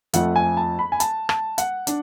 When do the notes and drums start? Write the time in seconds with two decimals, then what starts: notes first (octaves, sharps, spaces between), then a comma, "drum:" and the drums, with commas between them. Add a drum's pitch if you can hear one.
0.13 F2 F3 A3 F#5, drum: hi-hat
0.36 G#5
0.57 A5
0.79 B5
0.92 G#5
1.00 A5, drum: hi-hat
1.29 A5, drum: rim click
1.58 F#5, drum: hi-hat
1.87 D4, drum: hi-hat